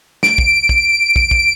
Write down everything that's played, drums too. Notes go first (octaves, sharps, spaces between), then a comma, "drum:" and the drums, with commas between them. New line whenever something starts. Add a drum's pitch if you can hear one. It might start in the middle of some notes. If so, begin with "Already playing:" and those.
D7, drum: snare
drum: kick
drum: kick
drum: kick
drum: kick